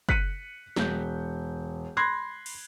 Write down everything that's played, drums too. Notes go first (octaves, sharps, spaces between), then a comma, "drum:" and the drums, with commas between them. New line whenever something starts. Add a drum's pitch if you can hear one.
F#6 B6 C#7 D#7, drum: kick
E1 G6, drum: snare
B5 C6 F#6 G#6 A#6 C7
drum: cymbal